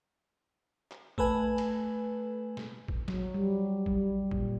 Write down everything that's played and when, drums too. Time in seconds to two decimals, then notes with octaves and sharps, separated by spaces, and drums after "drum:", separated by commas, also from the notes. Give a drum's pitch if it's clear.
0.91 drum: clap
1.18 A3 A4 B4 G#5, drum: kick A1
1.58 drum: cymbal
2.57 drum: snare
2.88 drum: kick A1
3.08 F#3, drum: snare
3.34 G3
3.86 G3, drum: kick A1
4.31 A#2, drum: kick A1